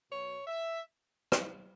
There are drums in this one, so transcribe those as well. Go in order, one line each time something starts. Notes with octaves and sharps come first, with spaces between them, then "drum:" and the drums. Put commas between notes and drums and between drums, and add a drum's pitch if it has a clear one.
B2 F#3 C#5
E5
drum: rim click